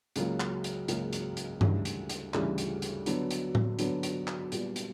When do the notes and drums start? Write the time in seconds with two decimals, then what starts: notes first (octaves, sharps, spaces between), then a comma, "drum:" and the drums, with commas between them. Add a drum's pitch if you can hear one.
0.16 C#2 C#3 F#3 A#3, drum: hi-hat
0.40 drum: clap
0.64 drum: hi-hat
0.88 C#2 C#3 F#3 A#3, drum: hi-hat
1.13 drum: hi-hat
1.37 drum: hi-hat
1.61 D2 C#3 E3 G3, drum: tom G2
1.85 drum: hi-hat
2.09 drum: hi-hat
2.34 D2 C#3 E3 G3, drum: clap
2.58 drum: hi-hat
2.82 drum: hi-hat
3.06 D3 F#3 B3, drum: hi-hat
3.31 drum: hi-hat
3.55 drum: tom A2
3.79 D3 F#3 B3, drum: hi-hat
4.03 drum: hi-hat
4.27 drum: clap
4.52 A#2 G3 B3, drum: hi-hat
4.76 drum: hi-hat